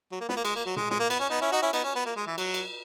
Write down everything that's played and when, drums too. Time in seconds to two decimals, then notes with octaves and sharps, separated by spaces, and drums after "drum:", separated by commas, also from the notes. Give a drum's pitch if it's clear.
0.12 F#3
0.21 A#3
0.29 B3, drum: snare
0.37 A#3
0.45 G#3, drum: cymbal
0.56 A#3
0.66 F#3
0.76 G#3, drum: tom A#2
0.91 G#3, drum: snare
1.00 A#3
1.10 B3, drum: cymbal
1.20 C#4
1.30 B3 D#4
1.41 C#4 E4
1.52 D#4 F#4
1.62 C#4 E4
1.73 B3 D#4, drum: cymbal
1.84 C#4
1.95 B3
2.06 A#3
2.16 G#3
2.27 E3
2.38 F#3, drum: cymbal
2.54 drum: cymbal